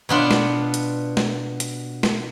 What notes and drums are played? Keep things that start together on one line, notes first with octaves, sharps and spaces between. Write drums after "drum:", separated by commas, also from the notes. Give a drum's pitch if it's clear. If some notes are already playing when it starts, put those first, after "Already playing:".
B2 B3 D4 F4
drum: snare
drum: hi-hat
drum: snare
drum: hi-hat
drum: snare